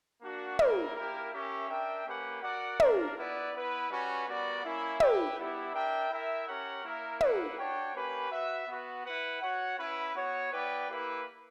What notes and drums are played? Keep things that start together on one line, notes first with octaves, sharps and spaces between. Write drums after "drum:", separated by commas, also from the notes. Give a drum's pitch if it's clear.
A#3 D4 F#4
G3 A#3 E4 A#4, drum: tom
A#3 E4 G4 A#4
C#4 G4 A#4 E5
D4 A#4 E5 G5
A#3 C#4 G4 B4 F#5
F#4 A#4 D5 F#5
A#3 D4 A#4, drum: tom
B3 E4 B4 D5
B3 E4 B4
G3 C#4 F#4 B4
G3 B3 F#4 A#4 D5
A#3 C#4 E4
E4 G4 B4 E5 G5, drum: tom
G3 B3 E4 G4
D4 A#4 E5 G5
E4 A#4 E5 G5
C#4 G4 A#4 C#5 F#5
A#3 E4 A#4 E5
A#3 E4 B4 F#5, drum: tom
D4 F#4 C#5 G5
A#3 C#4 G4 B4
F#4 B4 E5
B3 F#4 B4
E4 B4 F#5
F#4 C#5 F#5
C#4 E4 B4
B3 F#4 C#5
B3 E4 B4 D5 G5
A#3 E4 G4 B4